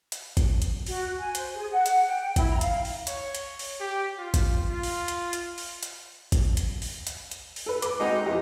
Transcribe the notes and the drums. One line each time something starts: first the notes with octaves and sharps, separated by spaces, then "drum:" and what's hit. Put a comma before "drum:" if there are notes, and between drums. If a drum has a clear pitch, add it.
drum: hi-hat
drum: kick, hi-hat
drum: hi-hat
F#4, drum: open hi-hat
G#5
C5, drum: hi-hat
G#4
F#5
drum: hi-hat
G5
E4, drum: kick, hi-hat
A#5
F5, drum: hi-hat
drum: open hi-hat
C#5, drum: hi-hat
drum: hi-hat
drum: open hi-hat
G4
F4
drum: kick, hi-hat
F4
drum: open hi-hat
drum: hi-hat
drum: hi-hat
drum: open hi-hat
drum: hi-hat
drum: kick, hi-hat
drum: hi-hat
drum: open hi-hat
drum: hi-hat
drum: hi-hat
drum: open hi-hat
A4 B4
B4 D6, drum: hi-hat
G#3 C4 D#4 F#4
E2 F3 G4